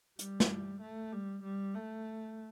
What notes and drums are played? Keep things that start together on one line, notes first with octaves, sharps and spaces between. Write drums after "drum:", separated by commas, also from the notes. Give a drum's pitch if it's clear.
G3, drum: hi-hat
drum: snare
A3
G3
G3
A3